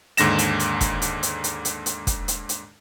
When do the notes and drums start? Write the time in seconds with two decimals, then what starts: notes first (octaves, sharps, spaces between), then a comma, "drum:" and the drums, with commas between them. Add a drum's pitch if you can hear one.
0.17 D#2 G#2 D3 A#6 E7, drum: hi-hat
0.38 drum: hi-hat
0.60 drum: hi-hat
0.81 drum: kick, hi-hat
1.02 drum: hi-hat
1.23 drum: hi-hat
1.44 drum: hi-hat
1.65 drum: hi-hat
1.86 drum: hi-hat
2.07 drum: kick, hi-hat
2.28 drum: hi-hat
2.49 drum: hi-hat